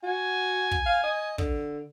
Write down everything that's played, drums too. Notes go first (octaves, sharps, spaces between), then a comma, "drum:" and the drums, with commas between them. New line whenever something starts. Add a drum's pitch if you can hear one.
F#4 G#5
drum: kick
F5
D#5
D3, drum: kick